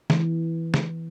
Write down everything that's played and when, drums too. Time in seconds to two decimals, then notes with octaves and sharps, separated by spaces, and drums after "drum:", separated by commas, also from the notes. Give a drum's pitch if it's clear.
0.10 E3, drum: snare
0.74 drum: snare